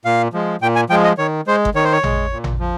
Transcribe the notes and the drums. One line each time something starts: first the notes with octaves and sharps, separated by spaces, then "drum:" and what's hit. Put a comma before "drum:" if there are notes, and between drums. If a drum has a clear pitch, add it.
A#2 F5
F3 G#3
A#2 G5
G#5
F3 G#3 G5
D#5
D#3 C#5
G#3 C5
drum: kick G1
D#3 C#5
C5
C#5
G#3, drum: tom A1
A#2
drum: tom A1
F3